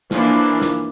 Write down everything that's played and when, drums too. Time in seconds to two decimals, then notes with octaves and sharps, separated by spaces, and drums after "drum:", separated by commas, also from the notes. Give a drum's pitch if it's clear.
0.11 E3 F3 A#3 D4, drum: snare
0.62 drum: snare